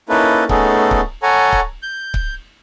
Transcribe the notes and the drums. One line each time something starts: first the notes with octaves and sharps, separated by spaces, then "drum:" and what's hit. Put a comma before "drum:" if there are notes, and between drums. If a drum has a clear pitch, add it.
A#3 C#4 D#4 E4 A4 B4
A3 B3 C#4 D#4 G#4 A4, drum: kick C#1
drum: kick C#1
A4 C#5 F#5 G#5 A#5
drum: kick C#1
G6
drum: kick C#1